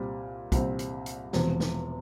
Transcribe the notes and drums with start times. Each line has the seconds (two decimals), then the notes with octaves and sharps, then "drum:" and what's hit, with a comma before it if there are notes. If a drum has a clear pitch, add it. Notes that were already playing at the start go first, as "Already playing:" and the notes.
Already playing: C2 A#2 G3 C4
0.52 C2 A#2 G3 C4, drum: kick B1, hi-hat
0.79 drum: hi-hat
1.06 drum: hi-hat
1.33 E1 E2 C3 F3, drum: snare
1.60 drum: snare